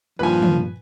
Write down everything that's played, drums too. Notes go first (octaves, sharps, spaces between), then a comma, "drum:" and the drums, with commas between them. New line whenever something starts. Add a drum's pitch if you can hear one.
G2 A#2 D#3 F3 B4 G#5
drum: tom